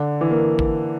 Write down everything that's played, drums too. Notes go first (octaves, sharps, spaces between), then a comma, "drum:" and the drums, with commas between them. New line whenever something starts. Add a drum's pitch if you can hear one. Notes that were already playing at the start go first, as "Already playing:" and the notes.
Already playing: D3
E3
A#3
drum: kick